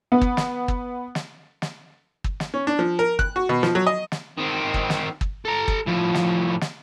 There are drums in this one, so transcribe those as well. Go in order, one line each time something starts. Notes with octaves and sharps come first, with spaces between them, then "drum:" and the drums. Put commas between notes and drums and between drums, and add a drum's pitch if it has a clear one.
B3
drum: kick
drum: snare
drum: kick
drum: snare
drum: snare
drum: kick
drum: snare
C#4
D4
F3
A#4
F#6, drum: kick
F#4
B2
F3, drum: snare
F#3
D#5
drum: snare
D#3 C4
drum: kick
drum: snare
drum: kick
A4 A#5
drum: kick
A2 F3
drum: snare
drum: snare